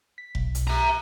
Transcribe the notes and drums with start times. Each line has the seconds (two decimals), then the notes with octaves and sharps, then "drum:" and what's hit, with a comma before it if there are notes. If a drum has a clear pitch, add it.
0.18 B6
0.35 B1, drum: kick F1
0.55 drum: hi-hat
0.68 E5 A#5